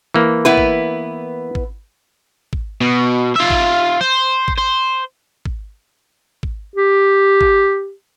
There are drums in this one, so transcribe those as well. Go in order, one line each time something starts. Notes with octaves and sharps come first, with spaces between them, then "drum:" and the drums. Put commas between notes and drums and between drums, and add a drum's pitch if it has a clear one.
E3 A#3
B3 E4 B4
drum: kick
drum: kick
drum: kick
B2
F4 E5
drum: kick
C5
drum: kick
C5
drum: kick
drum: kick
G4
drum: kick